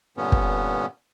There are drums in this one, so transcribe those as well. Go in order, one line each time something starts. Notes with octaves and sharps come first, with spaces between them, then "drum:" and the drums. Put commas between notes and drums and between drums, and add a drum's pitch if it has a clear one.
G2 A#2 D3 B3 C#4
drum: kick